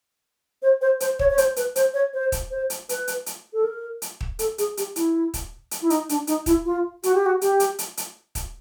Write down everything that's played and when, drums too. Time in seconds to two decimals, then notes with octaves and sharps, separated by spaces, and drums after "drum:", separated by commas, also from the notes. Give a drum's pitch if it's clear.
0.62 C5
0.81 C5
1.00 C5, drum: hi-hat
1.19 C#5, drum: kick
1.30 C#5
1.38 C5, drum: hi-hat
1.56 B4, drum: hi-hat
1.76 C5, drum: hi-hat
1.94 C#5
2.14 C5
2.32 drum: kick, hi-hat
2.51 C5
2.70 drum: hi-hat
2.89 B4, drum: hi-hat
3.08 drum: hi-hat
3.26 drum: hi-hat
3.53 A4
3.63 A#4
4.02 drum: hi-hat
4.21 drum: kick
4.39 A4, drum: hi-hat
4.58 G#4, drum: hi-hat
4.77 G4, drum: hi-hat
4.96 E4, drum: hi-hat
5.34 drum: kick, hi-hat
5.71 drum: hi-hat
5.82 E4
5.90 D#4, drum: hi-hat
6.09 D4, drum: hi-hat
6.27 D#4, drum: hi-hat
6.46 E4, drum: kick, hi-hat
6.65 F4
7.03 F#4, drum: hi-hat
7.14 G4
7.26 F#4
7.41 G4, drum: hi-hat
7.60 drum: hi-hat
7.79 drum: hi-hat
7.97 drum: hi-hat
8.35 drum: kick, hi-hat